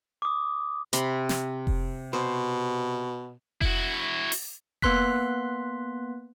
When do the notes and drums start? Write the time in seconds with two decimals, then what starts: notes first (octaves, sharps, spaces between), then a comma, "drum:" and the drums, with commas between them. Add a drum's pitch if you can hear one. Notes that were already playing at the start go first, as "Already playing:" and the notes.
0.22 D6 D#6
0.93 C3 B5 C6, drum: hi-hat
1.29 drum: snare
1.67 drum: kick F1
2.13 B2 C5
3.61 E4 F#4, drum: kick F1
4.32 drum: open hi-hat
4.82 A#3 B3 B4 C6 F#6 B6, drum: kick F1